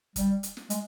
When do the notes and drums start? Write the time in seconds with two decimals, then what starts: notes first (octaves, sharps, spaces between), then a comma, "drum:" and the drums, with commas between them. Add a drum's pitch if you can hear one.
0.16 G3, drum: kick, hi-hat
0.43 drum: hi-hat
0.57 drum: snare
0.70 G#3, drum: hi-hat